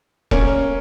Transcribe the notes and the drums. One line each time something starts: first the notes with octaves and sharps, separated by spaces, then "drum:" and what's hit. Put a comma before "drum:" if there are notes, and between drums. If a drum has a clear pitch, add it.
A#3 C#4, drum: kick E1